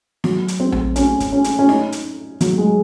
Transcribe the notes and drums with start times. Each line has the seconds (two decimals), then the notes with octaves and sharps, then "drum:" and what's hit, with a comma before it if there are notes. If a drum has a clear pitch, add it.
0.24 F#3, drum: snare
0.48 drum: hi-hat
0.60 C4
0.72 drum: tom A#1
0.96 C#4, drum: hi-hat
1.20 drum: kick, hi-hat
1.32 C#4
1.44 drum: hi-hat
1.59 C#4
1.69 D#4, drum: snare
1.92 drum: hi-hat
2.41 F#3, drum: hi-hat
2.58 G#3